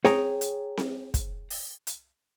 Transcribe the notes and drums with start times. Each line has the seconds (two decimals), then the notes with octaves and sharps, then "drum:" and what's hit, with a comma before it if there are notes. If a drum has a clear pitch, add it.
0.05 G#4 C#5 G5 A#5, drum: snare C4
0.41 drum: hi-hat
0.77 drum: snare C4
1.14 drum: kick, hi-hat
1.50 drum: open hi-hat
1.87 drum: hi-hat